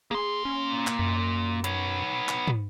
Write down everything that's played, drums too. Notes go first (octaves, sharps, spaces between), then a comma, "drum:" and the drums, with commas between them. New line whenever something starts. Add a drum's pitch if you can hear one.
A#3 G#4 C6
C#4
drum: clap
F#2
B3 C#5, drum: hi-hat
drum: clap
drum: tom